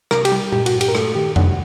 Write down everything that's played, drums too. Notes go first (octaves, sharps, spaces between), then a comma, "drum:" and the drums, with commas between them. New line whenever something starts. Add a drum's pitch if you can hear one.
C3 A#4, drum: rim click
G4, drum: cymbal
G3
G2 G4, drum: tom A#2
F#4, drum: cymbal
G2
G4, drum: cymbal
A#4
A3 A4, drum: rim click
D#3 G4
C3 F#5, drum: tom F2